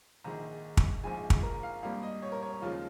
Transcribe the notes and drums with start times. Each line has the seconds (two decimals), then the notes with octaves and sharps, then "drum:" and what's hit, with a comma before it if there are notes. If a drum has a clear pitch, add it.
0.24 A#1 G#2 D#3 G#3 A#5
0.77 drum: kick
1.04 A#1 G#2 F3 G#3 G#5
1.30 drum: kick
1.43 A#4
1.63 F5
1.83 G#1 G2 G3 A#3 F5
2.03 D#5
2.22 C#5
2.32 A#4
2.42 C#5
2.52 C#5
2.62 D#2 C#3 F3 G#3 F4